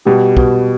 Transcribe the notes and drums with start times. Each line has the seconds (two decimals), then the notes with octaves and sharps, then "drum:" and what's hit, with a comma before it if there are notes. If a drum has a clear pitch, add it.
0.05 B2 G3 G4
0.37 B2, drum: kick